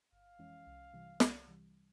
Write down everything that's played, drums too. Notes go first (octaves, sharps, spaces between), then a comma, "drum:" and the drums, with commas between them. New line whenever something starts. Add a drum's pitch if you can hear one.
G1 F5
F2 E3 G#3 C#4
C2
C3 E3 G3
C2, drum: snare
C3 E3 G3